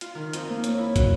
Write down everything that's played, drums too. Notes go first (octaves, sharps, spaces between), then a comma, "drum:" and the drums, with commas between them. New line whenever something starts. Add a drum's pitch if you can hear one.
F4, drum: hi-hat
D#3
F2, drum: hi-hat
A#3
C#5, drum: hi-hat
E4
F#4, drum: kick, hi-hat